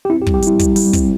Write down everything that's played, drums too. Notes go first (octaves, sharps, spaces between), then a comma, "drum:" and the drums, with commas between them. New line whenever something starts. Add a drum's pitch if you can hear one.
G4
C4 E4
G4
G3, drum: kick
G4
G3 E4, drum: hi-hat
G3, drum: kick, hi-hat
G3, drum: open hi-hat
C4, drum: kick, hi-hat